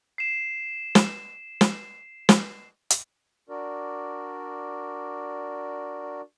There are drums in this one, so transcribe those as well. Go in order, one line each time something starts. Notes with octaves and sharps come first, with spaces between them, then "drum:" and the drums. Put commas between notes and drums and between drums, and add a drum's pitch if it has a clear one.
C7 E7
drum: snare
drum: snare
drum: snare
drum: hi-hat
D4 F#4 A#4 D5